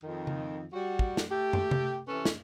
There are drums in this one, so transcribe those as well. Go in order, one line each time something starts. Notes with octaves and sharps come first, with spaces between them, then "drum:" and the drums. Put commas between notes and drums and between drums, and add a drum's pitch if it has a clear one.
F2 D#3
drum: tom C#3
G3 F#4
drum: kick
drum: snare
A3 G4
drum: tom
drum: tom C3
C3 E3 C#4 A4 B4
drum: snare